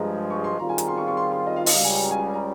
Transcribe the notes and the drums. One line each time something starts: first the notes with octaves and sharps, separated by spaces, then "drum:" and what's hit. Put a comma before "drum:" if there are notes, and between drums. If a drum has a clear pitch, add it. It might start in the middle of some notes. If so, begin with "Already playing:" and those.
Already playing: G2 F3 G#3 A#5
C#6
C6
D#3 G3 C4 F4 G#4 A#5
G#5
A#5, drum: hi-hat
C6
C#6
C#6
C6
C6
D#5
F5
D#5, drum: open hi-hat
C#2 C#3 G3 F5
G#5
G#5
A#5
G#5
A#5